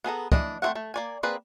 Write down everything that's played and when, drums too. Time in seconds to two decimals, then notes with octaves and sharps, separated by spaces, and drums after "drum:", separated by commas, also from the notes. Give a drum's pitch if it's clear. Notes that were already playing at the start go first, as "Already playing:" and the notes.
0.04 B3 G#4 A4 A#5
0.32 E3 D4 D#5, drum: kick
0.62 A3 C4 G#4 E5 F#5
0.75 A3
0.94 A#3 D5 G#5
1.23 A#3 C4 G#4 B4 D5